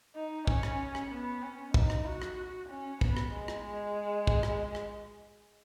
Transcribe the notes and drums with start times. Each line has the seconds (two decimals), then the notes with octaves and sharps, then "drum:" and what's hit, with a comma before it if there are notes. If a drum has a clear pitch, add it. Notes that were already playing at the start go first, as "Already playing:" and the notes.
0.15 D#4
0.47 C#4, drum: kick
0.63 drum: rim click
0.95 drum: rim click
1.11 B3
1.43 C#4
1.74 D#4, drum: kick
1.90 drum: rim click
2.06 F#4
2.22 drum: rim click
2.69 C#4
3.01 B3, drum: kick
3.17 drum: rim click
3.32 G#3
3.48 drum: rim click
3.64 G#3
4.27 drum: kick
4.43 drum: rim click
4.75 drum: rim click